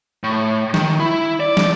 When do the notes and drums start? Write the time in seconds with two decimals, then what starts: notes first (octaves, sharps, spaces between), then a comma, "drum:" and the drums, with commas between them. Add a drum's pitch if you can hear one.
0.24 A2
0.74 D#3, drum: snare
1.00 E4
1.40 D5
1.57 drum: snare